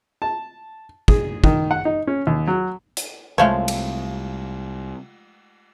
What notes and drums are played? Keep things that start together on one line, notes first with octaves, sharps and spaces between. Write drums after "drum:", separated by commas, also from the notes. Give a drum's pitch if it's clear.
A5
G#4, drum: kick
D#3, drum: kick
F#5
D#4
C#4
D#2
F#3
drum: hi-hat
C2 F3 G#3 A3 C#5 F5
drum: cymbal